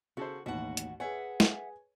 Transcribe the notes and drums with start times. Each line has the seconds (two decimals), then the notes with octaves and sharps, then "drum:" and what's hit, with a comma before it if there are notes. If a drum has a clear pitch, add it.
0.17 C#3 F#4 A4 C5
0.46 A1 D#2 B2 F#4 F#5
0.77 drum: hi-hat
1.00 G#4 B4 C#5 E5 F#5 G#5
1.40 drum: snare